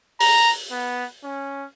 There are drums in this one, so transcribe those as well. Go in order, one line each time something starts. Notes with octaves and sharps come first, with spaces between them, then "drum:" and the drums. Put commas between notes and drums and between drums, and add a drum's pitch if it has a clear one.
A#5, drum: open hi-hat
B3
C#4